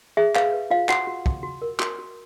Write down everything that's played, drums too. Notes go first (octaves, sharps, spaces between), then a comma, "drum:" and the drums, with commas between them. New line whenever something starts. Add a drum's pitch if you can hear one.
G#4 E5
B4 F5, drum: clap
B4
F4 F5
F#4 F#5, drum: clap
F#4
F#4, drum: kick
F#4
A#4
F#4, drum: clap
F#4